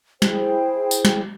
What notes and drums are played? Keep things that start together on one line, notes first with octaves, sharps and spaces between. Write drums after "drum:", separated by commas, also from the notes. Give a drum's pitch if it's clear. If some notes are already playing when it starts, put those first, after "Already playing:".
E4 G#4 C5 G5, drum: snare
drum: tambourine
drum: snare